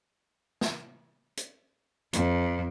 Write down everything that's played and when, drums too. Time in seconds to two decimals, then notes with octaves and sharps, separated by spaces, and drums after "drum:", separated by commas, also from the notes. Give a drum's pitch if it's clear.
0.61 drum: snare
1.37 drum: hi-hat
2.13 F2, drum: hi-hat